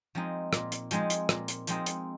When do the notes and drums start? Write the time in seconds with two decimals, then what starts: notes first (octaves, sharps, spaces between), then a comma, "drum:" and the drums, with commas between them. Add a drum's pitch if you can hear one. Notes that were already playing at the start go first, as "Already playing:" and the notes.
0.15 F3 G#3 C4 D#4
0.53 A#2, drum: rim click
0.72 drum: hi-hat
0.91 F3 G#3 C4 D#4, drum: hi-hat
1.10 drum: hi-hat
1.29 A#2, drum: rim click
1.48 drum: hi-hat
1.67 F3 G#3 C4 D#4, drum: hi-hat
1.86 drum: hi-hat